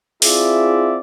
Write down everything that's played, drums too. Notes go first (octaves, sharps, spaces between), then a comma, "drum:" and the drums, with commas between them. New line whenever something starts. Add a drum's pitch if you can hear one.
C4 E4 F4 G#4 D5 E5, drum: open hi-hat